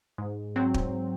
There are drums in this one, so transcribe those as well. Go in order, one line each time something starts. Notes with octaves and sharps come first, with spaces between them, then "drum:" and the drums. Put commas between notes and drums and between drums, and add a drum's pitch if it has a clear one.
G#2
F#3 C4
drum: kick